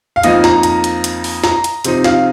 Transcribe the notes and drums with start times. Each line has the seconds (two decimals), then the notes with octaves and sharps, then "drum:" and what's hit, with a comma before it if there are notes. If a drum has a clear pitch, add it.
0.16 F5
0.23 F2 F3 A#3 D#4 D#5, drum: hi-hat
0.44 A#5, drum: snare
0.63 A#5, drum: hi-hat
0.84 drum: hi-hat
1.04 drum: hi-hat
1.24 drum: open hi-hat
1.44 A#5, drum: snare
1.64 drum: hi-hat
1.85 C3 F3 C4 D#4, drum: hi-hat
2.04 F5, drum: snare